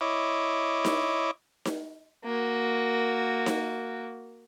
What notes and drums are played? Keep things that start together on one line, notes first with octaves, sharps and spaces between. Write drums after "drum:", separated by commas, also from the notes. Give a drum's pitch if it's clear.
E4 C#5 D#5 D6
drum: snare D#4
drum: snare D#4
A#3 F#4
drum: snare D#4